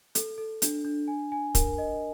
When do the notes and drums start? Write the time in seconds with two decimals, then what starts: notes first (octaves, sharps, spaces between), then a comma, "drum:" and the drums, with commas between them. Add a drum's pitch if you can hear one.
0.15 A4, drum: hi-hat
0.38 A4
0.62 D4, drum: hi-hat
0.85 D4
1.08 G#5
1.32 G#5
1.55 A#4, drum: kick, hi-hat
1.78 D#5